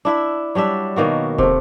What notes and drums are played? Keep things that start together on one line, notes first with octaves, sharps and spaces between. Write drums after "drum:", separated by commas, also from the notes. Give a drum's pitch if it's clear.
D4 E4 E5
F#3 G3 D4 E5
B2 D#3 A#3 F#4
C3 A3, drum: kick